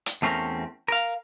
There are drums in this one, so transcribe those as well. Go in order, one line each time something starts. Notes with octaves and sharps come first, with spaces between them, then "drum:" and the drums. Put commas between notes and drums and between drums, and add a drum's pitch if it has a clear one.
drum: hi-hat
E2 A3 C4 C#4 A#4
A#4 F5